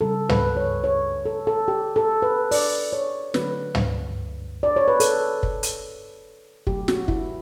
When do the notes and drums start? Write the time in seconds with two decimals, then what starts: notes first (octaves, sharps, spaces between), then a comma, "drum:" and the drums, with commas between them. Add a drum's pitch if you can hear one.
0.01 C#3 G3 A4
0.29 B4, drum: tom
0.57 C#5
0.84 C#5
1.25 A4
1.47 A4
1.68 G4
1.96 A4
2.22 B4
2.51 D5, drum: open hi-hat
2.93 C#5
3.34 D3 F#3 A3 B4, drum: snare
3.75 drum: tom
4.63 D5
4.76 C#5
4.88 B4
5.00 A4, drum: hi-hat
5.43 drum: kick
5.63 drum: hi-hat
6.67 B2 F#3 A3 G4, drum: kick
6.88 F#4, drum: snare
7.08 E4, drum: kick